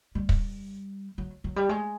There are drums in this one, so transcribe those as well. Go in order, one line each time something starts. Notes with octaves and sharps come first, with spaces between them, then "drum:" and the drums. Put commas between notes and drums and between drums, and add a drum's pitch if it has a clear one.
G3
drum: kick
F#3
F#3
G3
G#3